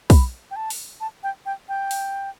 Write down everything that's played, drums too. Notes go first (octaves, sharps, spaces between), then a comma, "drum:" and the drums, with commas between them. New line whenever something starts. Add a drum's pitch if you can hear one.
B5, drum: kick, open hi-hat
G5
A5
drum: open hi-hat
A5
G5
G5
G5
drum: open hi-hat